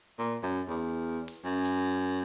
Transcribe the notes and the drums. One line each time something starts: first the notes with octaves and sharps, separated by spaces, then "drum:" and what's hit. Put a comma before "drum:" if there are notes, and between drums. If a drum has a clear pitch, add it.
A#2
F#2
E2
drum: open hi-hat
F#2
drum: hi-hat